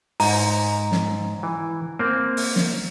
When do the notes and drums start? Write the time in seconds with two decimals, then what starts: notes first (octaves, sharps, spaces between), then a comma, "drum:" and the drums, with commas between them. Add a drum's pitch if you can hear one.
0.20 G#2 A#5, drum: open hi-hat
0.92 drum: snare
1.43 E3
1.99 A#3 C4
2.37 drum: open hi-hat
2.56 drum: snare